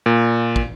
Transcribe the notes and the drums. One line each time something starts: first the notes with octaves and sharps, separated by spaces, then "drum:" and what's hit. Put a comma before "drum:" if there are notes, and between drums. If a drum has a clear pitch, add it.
A#2
drum: kick